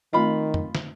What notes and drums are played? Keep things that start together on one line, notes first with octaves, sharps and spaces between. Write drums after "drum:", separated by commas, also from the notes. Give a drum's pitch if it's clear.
D#3 A3 C4 F4 D#5 B5
drum: tom
drum: snare